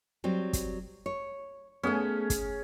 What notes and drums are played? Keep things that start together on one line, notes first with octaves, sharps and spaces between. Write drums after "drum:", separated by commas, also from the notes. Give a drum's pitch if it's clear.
F#3 G3 C4
drum: kick, hi-hat
C#5
A3 B3 C#4 G#4
drum: kick, hi-hat